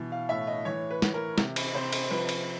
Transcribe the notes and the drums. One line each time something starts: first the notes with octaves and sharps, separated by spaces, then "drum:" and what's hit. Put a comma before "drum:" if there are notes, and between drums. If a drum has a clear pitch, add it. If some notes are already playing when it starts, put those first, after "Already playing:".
Already playing: B2 E3
F5
A2 E5
D#5
E3 C#5
B4
E3, drum: snare
A#4
C3, drum: snare
drum: cymbal
C3 C5
drum: cymbal
F3 B4
drum: cymbal